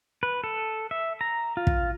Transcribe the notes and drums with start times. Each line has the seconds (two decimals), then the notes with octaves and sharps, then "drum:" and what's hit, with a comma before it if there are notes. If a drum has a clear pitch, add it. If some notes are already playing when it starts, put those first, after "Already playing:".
0.23 B4
0.44 A4
0.91 E5
1.21 A#5
1.57 F4
1.67 drum: kick